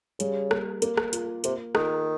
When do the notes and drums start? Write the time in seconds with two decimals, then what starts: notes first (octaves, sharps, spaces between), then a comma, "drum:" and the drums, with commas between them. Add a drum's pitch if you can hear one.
0.20 C#3 G3, drum: hi-hat
0.51 A#3, drum: rim click
0.82 A#3, drum: hi-hat
0.97 drum: rim click
1.13 F4, drum: hi-hat
1.44 C3 A#3, drum: hi-hat
1.75 D#3 F4, drum: rim click